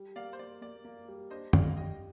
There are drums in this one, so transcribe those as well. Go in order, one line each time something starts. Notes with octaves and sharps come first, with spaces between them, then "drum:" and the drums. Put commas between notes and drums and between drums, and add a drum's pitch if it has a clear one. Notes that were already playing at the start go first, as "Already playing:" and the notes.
Already playing: G3
A#3 D5 F5
C5
A#3 D5
A#3 D5
A#3
G3
D4 C5 D#5
D4 D5 F5, drum: tom
D#5
F5
G4 D#5 G5